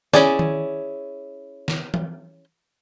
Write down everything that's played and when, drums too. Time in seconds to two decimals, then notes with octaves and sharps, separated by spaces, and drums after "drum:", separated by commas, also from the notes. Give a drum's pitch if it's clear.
0.13 C#4 E4 G#4 D5, drum: snare
0.39 drum: tom D#3
1.68 drum: snare
1.94 drum: tom E3